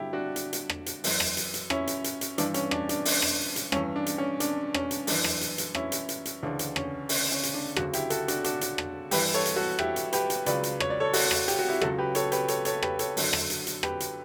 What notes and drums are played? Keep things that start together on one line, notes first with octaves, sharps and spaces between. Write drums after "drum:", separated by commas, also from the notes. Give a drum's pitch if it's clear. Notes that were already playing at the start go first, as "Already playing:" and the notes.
Already playing: G2 D3 F#3 E4 G4
D4 F#4
drum: hi-hat
drum: hi-hat
drum: rim click
drum: hi-hat
F#2 E3, drum: open hi-hat
drum: rim click
drum: hi-hat
drum: hi-hat
C#4 E4, drum: rim click
drum: hi-hat
drum: hi-hat
drum: hi-hat
G2 E3 D4, drum: hi-hat
C#4, drum: hi-hat
D4, drum: rim click
D4, drum: hi-hat
drum: open hi-hat
drum: rim click
drum: hi-hat
G2 E3 C#4, drum: rim click
D4
drum: hi-hat
C#4
D4, drum: hi-hat
C#4, drum: rim click
drum: hi-hat
F#2 E3 D4, drum: open hi-hat
drum: rim click
drum: hi-hat
drum: hi-hat
C#4 E4, drum: rim click
drum: hi-hat
drum: hi-hat
drum: hi-hat
D2 C#3 E3 D4
drum: hi-hat
C#4, drum: rim click
C#4, drum: open hi-hat
C#4
drum: hi-hat
D4
D2 C#3 F#3 D4 F#4, drum: rim click
E4 G4, drum: hi-hat
F#4 A4, drum: hi-hat
D4 F#4, drum: hi-hat
D4 F#4, drum: hi-hat
drum: hi-hat
drum: rim click
G2 E3 G4 B4, drum: open hi-hat
A4 C#5
drum: hi-hat
F#4 A4
E4 G4, drum: rim click
drum: hi-hat
G4 B4, drum: hi-hat
drum: hi-hat
C#2 C#3 F#3 B4 D5, drum: hi-hat
drum: hi-hat
C#5, drum: rim click
D5
A4 C#5
F#4 A4, drum: open hi-hat
drum: rim click
G4, drum: hi-hat
F#4
E4 G4
C#2 C#3 F#3 F#4 A4, drum: rim click
G4 B4
A4 C#5, drum: hi-hat
G4 B4, drum: hi-hat
A4 C#5, drum: hi-hat
A4 C#5, drum: hi-hat
G4 B4, drum: rim click
A4 C#5, drum: hi-hat
F#2 D3 F#3, drum: open hi-hat
drum: rim click
drum: hi-hat
drum: hi-hat
G4 B4, drum: rim click
drum: hi-hat